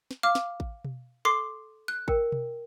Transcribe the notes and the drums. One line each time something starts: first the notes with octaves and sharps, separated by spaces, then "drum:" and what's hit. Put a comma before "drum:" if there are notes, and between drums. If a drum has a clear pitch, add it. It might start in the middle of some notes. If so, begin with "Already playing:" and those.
drum: snare
F5 D6 F6
drum: snare
drum: kick A1
drum: tom B2
A4 C6 D6 C7
F#6
A#4 G5, drum: kick A1
drum: tom B2